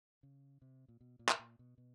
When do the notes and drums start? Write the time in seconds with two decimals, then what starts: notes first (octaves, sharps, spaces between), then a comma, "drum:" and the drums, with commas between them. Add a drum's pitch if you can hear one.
0.23 C#3
0.62 C3
0.88 A#2
1.01 B2
1.19 A#2
1.29 drum: clap
1.39 A#2
1.59 B2
1.78 B2